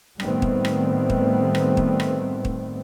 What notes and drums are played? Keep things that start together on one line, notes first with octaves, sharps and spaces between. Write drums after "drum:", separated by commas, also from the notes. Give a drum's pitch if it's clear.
A2 D#3 G3 A3 B3 C4, drum: rim click
drum: kick
drum: rim click
drum: kick
drum: rim click
drum: kick
drum: rim click
drum: kick